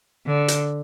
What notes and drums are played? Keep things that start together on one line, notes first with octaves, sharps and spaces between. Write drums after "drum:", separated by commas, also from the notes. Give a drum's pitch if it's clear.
D3
drum: hi-hat